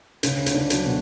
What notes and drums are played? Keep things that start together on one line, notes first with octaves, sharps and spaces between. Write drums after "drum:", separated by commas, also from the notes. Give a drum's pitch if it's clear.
D2 C#3 C#4, drum: hi-hat
D2 C#4, drum: hi-hat
D3 D4
F#3, drum: hi-hat
B2